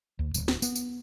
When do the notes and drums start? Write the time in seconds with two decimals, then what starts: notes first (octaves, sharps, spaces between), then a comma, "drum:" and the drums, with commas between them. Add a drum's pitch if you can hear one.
0.19 D2
0.34 D1, drum: tambourine
0.48 drum: snare
0.62 B3, drum: tambourine
0.75 drum: tambourine